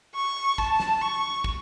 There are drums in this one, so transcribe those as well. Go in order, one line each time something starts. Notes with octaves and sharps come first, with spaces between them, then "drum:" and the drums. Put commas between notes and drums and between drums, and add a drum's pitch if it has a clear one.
C#6
A5, drum: kick
drum: snare
C#6
drum: kick